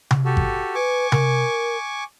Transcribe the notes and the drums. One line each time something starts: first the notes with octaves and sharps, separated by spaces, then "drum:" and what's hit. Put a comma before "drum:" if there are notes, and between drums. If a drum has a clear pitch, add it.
drum: tom C3
F#4 G4 A4
drum: kick G#1
B4 G#5 C#6 D6
A#4, drum: tom C3